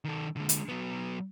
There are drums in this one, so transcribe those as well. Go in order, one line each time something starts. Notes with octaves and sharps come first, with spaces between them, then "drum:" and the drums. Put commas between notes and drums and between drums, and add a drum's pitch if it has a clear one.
D#3 A4
D3 G#3
drum: hi-hat
F#3 B3